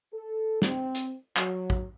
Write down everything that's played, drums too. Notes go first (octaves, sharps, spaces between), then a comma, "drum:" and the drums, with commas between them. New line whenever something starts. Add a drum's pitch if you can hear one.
A4
C4, drum: snare
drum: hi-hat
F#3, drum: clap
drum: kick